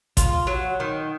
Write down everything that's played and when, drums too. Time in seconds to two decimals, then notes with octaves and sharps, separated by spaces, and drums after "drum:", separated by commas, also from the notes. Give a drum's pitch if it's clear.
0.17 F4, drum: kick A1, hi-hat
0.47 F#3
0.80 D#3